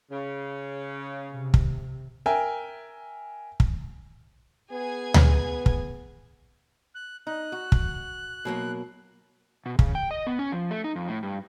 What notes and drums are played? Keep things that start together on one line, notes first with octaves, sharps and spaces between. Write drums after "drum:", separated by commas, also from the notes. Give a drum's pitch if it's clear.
C#3
C3
drum: kick
A#4 E5 G5 G#5
drum: kick
B3 G#4 G#5 G#6
drum: tom D2
drum: kick
F#6
D#4 F#6
F#4
drum: kick
B2 F#3 A#3
B2
C#3, drum: kick
G5
D#5
B3
C#4
F3
A3
D#4
F2
A2
G2